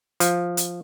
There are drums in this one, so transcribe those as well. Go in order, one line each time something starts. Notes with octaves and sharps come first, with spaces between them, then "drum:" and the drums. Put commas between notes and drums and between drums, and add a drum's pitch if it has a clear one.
F3, drum: hi-hat
drum: hi-hat